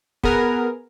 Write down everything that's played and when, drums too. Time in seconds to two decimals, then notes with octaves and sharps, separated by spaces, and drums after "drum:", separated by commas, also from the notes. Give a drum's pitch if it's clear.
0.23 B3 G#4 A#4, drum: kick